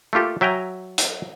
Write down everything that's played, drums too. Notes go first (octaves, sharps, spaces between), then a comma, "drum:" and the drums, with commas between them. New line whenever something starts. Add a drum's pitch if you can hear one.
A3 A#3 F4 G4 A4
F#3 E5 G5 G#5 A#5
drum: hi-hat